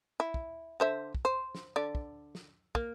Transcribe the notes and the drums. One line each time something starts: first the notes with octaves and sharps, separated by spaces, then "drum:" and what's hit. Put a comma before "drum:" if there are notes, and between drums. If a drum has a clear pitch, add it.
E4
drum: kick
D3 C5 E5
drum: kick
C5
drum: snare
D3 D5
drum: kick
drum: snare
A#3, drum: kick